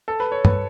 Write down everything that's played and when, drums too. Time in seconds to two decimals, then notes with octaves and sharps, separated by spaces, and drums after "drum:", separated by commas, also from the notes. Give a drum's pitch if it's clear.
0.08 A4
0.20 B4
0.32 C#5
0.45 B4, drum: tom